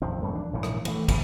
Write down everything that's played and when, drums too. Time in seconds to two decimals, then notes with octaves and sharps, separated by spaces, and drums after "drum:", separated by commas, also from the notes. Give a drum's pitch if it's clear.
0.02 A#1 F2 F3 C4
0.23 F#2 E3 A3
0.35 D4
0.53 A#1 G#2 C#3 E3
0.63 drum: rim click
0.85 E3 A3, drum: cymbal
1.08 D2 A2 E3, drum: kick, cymbal